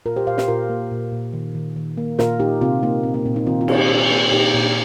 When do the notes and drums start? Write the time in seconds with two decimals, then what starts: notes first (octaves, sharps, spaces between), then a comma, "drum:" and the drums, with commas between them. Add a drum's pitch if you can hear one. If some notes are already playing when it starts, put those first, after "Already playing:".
0.06 A#2 F4 A#4
0.16 G4 C5
0.27 A#2 C5 F5
0.38 G4 C5, drum: snare
0.48 A#2 F4 A#4
0.70 A#3
0.91 A#2
1.12 A#2
1.33 D#3
1.55 D#3
1.76 D#3
1.97 A#3
2.19 A#2 F4 A#4, drum: snare
2.40 A#2 D#4 G4
2.61 C3 C4 F4
2.83 A#3 D#4
3.03 A#2 C4
3.14 A#3
3.26 A#2 C4
3.36 A#3 D#4
3.47 D#3 C4 F4
3.61 C4 F4
3.68 A#3, drum: cymbal
3.75 D#4 G4
3.90 A#2
4.11 A#3
4.32 A#2 D#4 G4
4.54 A#2